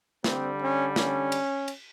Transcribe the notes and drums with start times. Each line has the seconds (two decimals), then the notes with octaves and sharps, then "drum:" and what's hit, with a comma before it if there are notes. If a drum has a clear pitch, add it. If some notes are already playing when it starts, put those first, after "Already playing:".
0.24 D3 G3 C4, drum: snare
0.61 C#4
0.96 C#4, drum: snare
1.32 drum: cymbal
1.68 drum: cymbal